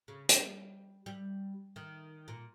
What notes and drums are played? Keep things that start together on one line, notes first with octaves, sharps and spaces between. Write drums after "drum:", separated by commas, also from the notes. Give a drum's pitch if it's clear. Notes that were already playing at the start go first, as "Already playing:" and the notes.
C#3
G3, drum: hi-hat
G3
D#3
A#2